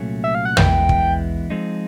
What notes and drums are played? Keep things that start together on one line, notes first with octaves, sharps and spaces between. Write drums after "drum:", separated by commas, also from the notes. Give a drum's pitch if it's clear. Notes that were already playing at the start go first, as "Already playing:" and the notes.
Already playing: C2 A#2 F#3 A3 C#4
E5
F5
F#5
E3 G#3 B3 E4 G5, drum: tom
drum: kick
F3 G#3 C4 D#4